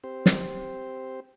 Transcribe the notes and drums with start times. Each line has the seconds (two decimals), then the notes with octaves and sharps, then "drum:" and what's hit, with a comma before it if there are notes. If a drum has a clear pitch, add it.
0.04 C4 G4 C5
0.26 drum: snare